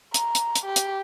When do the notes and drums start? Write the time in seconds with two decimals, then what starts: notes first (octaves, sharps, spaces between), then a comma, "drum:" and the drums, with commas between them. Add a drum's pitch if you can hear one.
0.14 A#5, drum: hi-hat
0.35 drum: hi-hat
0.55 drum: hi-hat
0.65 G4
0.76 drum: hi-hat